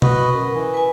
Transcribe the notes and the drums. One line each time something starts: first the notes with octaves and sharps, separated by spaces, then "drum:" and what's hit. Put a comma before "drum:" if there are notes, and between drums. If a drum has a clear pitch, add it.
F#4 B4 D#5, drum: tom B2
F#5 C#6
F#2 A#4
E3
B4 G#5